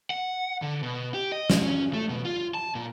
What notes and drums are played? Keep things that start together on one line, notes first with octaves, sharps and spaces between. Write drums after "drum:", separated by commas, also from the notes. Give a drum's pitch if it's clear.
F#5
D3
B2
G4
D#5
G#3, drum: snare
C#4
A3
B2
F4
A5
A#2